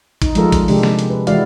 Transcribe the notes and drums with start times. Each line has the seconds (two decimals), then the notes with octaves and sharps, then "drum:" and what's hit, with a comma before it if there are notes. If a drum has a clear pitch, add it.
0.22 D#4, drum: kick, hi-hat
0.35 F3 G3 G#3 F4 A4 A#4, drum: hi-hat
0.52 drum: kick, hi-hat
0.68 C3 D#3 G#3 D4 G4, drum: open hi-hat
0.83 drum: snare
0.99 drum: hi-hat
1.10 B4
1.27 E3 G#3 E4 F#4 D5 F5, drum: hi-hat